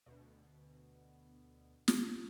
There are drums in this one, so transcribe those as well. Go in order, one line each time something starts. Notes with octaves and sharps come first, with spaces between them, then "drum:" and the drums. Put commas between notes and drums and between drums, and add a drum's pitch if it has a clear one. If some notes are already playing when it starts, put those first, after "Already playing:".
D2 B2
drum: snare